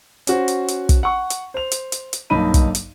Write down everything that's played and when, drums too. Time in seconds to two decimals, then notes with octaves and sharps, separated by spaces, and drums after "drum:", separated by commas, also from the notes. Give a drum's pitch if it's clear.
0.27 C#4 F#4 C5, drum: hi-hat
0.48 drum: hi-hat
0.68 drum: hi-hat
0.89 drum: kick, hi-hat
1.03 F#5 C#6
1.30 drum: hi-hat
1.54 C5 F7
1.71 drum: hi-hat
1.92 drum: hi-hat
2.13 drum: hi-hat
2.30 B1 G2 A#3 D#4 B5 D#7
2.54 drum: kick, hi-hat
2.75 drum: hi-hat